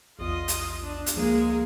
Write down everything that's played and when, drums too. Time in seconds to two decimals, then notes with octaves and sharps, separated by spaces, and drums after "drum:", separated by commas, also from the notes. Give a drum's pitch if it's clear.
0.19 A#1 E2 F4 D#5
0.48 drum: hi-hat
0.84 D4
1.06 drum: hi-hat
1.16 C#2 F3 G#3 A#3 G#4